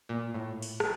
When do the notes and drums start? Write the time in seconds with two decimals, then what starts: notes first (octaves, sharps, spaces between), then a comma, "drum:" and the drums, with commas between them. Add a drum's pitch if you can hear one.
0.09 A#2
0.34 A2
0.62 drum: open hi-hat
0.80 drum: rim click